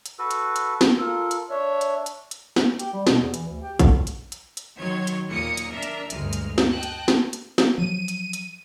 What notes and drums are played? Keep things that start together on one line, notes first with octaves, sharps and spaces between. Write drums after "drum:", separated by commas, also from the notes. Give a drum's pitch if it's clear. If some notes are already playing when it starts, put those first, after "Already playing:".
drum: hi-hat
F#4 A4 B4
drum: hi-hat
drum: hi-hat
drum: snare
F4 A4 A#4
drum: hi-hat
D4 C#5 E5
drum: hi-hat
drum: hi-hat
drum: hi-hat
drum: snare
G4, drum: hi-hat
G3
B2, drum: snare
E2
E3, drum: hi-hat
D2
G4
D3, drum: kick, hi-hat
drum: hi-hat
drum: hi-hat
drum: hi-hat
D#3 F#3 C#5 C6 G#6
drum: hi-hat
D#2 A#2 A#3 D#6 C#7
drum: hi-hat
D4 A#4 E5
drum: hi-hat
D2 G2 G#3 F6, drum: hi-hat
drum: hi-hat
drum: snare
D#5 G5 A5 F#6
drum: hi-hat
drum: snare
drum: hi-hat
drum: snare
F3 F#3 D#7
drum: hi-hat
drum: hi-hat